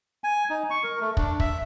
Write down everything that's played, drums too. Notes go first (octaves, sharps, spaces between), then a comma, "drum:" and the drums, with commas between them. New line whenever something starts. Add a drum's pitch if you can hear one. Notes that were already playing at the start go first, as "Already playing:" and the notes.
G#5
D#4
C#6
A#4
A3
D4, drum: kick
E5, drum: kick